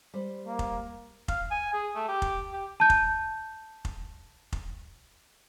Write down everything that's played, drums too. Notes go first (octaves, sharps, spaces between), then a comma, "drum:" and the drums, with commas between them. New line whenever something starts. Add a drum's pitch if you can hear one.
G3 C5
A#3
drum: kick F1
F5, drum: kick F1
G#5
G#4
A3
G4
drum: kick F1
G4
A5 G6
drum: kick F1
drum: kick F1
drum: kick F1